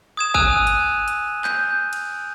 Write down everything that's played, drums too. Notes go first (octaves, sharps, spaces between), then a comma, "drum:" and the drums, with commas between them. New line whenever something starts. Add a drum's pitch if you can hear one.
D#6 G#6 E7
G#5 D#6 E6 F#6 D#7 F7, drum: kick
drum: hi-hat
drum: hi-hat
G6, drum: clap
drum: cymbal